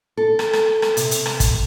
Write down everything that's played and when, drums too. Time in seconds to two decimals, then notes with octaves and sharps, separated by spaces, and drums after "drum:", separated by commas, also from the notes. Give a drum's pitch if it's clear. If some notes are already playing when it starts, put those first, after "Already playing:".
0.17 A4
0.39 drum: rim click
0.53 drum: rim click
0.82 drum: rim click
0.97 C3, drum: hi-hat
1.11 drum: hi-hat
1.26 drum: rim click
1.40 drum: kick, hi-hat